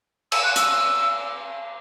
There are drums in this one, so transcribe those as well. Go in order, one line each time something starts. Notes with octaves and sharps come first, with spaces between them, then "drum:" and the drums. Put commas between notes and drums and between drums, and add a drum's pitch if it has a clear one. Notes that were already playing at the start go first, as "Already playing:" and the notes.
E6, drum: cymbal
F#6
E6, drum: hi-hat